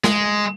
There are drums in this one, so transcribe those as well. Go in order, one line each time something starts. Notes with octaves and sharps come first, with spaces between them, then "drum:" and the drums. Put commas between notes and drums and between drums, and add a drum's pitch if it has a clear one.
G#3, drum: snare